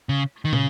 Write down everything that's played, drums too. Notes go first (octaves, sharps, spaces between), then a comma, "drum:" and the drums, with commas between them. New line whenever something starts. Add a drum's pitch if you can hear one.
C#3
D#3
C#3, drum: tom